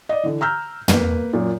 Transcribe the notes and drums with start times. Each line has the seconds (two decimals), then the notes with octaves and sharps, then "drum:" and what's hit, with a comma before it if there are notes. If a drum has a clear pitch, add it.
0.09 D5 D#5
0.23 D3 E3
0.41 A#5 E6 F6 G6
0.88 A#3 B4, drum: tom
1.33 F#2 A#2